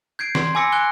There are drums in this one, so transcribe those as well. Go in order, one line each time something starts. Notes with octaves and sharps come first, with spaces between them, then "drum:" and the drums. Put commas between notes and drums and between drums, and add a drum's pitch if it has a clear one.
G6 G#6 C7 D7
C6, drum: snare
G#5 B5 D6 E6 A#6 C#7
G#5 F#6 D7 G7